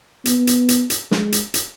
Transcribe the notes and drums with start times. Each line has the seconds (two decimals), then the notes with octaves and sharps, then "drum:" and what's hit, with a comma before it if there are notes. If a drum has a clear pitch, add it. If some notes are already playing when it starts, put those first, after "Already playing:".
0.25 B3, drum: hi-hat
0.47 drum: hi-hat
0.69 drum: hi-hat
0.90 drum: hi-hat
1.11 G#3, drum: snare
1.32 drum: hi-hat
1.54 drum: hi-hat